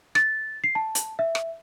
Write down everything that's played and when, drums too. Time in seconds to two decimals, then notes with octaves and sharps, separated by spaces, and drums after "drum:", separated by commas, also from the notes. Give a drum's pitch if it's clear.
0.15 A6, drum: rim click
0.64 C7
0.75 A5
0.95 drum: hi-hat
1.19 E5
1.35 drum: rim click